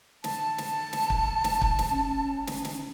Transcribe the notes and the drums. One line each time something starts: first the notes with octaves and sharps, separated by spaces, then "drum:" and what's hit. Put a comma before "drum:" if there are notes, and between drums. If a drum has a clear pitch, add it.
A5, drum: snare
drum: snare
drum: snare
drum: kick
drum: snare
drum: kick
drum: snare
C#4
drum: snare
drum: snare